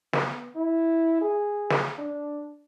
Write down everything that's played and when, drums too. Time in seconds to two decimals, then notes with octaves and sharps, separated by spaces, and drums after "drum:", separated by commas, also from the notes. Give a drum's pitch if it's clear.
0.13 B3, drum: snare
0.56 E4
1.22 G#4
1.70 drum: snare
1.98 D4